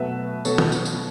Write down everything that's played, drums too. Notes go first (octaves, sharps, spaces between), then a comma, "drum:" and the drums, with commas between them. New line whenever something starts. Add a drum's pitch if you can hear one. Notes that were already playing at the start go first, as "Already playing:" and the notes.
Already playing: B2 F#3 A3 B4 E5
B2 F#3 A3 A4 C#5, drum: tambourine
drum: tom D#3
drum: tambourine
drum: tambourine